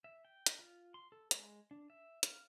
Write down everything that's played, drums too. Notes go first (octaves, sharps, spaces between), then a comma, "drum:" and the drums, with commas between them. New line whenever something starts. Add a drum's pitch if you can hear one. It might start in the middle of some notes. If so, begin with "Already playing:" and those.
E5
G5
drum: hi-hat
F4
C6
A4
G#3, drum: hi-hat
D4
E5
F5, drum: hi-hat